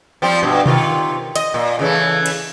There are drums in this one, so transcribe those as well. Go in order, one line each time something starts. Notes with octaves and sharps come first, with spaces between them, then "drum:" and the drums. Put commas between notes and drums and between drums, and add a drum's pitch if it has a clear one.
F3 G3 C4
G2 B2
C3 D#3 F4, drum: tom B2
D#5, drum: hi-hat
A#2
C#3 E3 A3
drum: cymbal